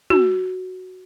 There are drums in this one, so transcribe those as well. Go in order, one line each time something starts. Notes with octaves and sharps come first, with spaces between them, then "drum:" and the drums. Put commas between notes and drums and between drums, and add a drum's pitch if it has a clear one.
F#4, drum: tom